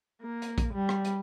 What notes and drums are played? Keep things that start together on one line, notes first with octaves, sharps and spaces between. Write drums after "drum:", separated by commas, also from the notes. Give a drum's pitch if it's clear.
A#3
drum: hi-hat
drum: kick A#1, hi-hat
G3
drum: rim click
drum: hi-hat